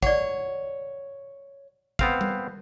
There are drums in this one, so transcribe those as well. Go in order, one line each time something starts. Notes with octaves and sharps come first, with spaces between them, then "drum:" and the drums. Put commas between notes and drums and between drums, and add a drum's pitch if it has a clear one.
C#5 D5 F#5, drum: kick
B3 C4 F5, drum: kick
drum: tom G3